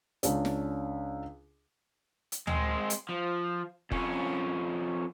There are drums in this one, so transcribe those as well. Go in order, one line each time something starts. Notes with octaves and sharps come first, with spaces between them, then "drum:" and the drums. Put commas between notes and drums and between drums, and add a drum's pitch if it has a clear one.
C#2 C#4 D4, drum: hi-hat
drum: snare
drum: hi-hat
G#3 C4, drum: tom
drum: hi-hat
F3
F2 C#4, drum: kick F1